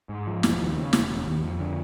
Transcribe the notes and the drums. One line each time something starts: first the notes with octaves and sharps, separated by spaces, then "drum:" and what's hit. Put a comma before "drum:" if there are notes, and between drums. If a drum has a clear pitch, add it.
G#2
F3
E1, drum: snare
D#2
C#3
E1, drum: snare
E1
D#2
F2
D3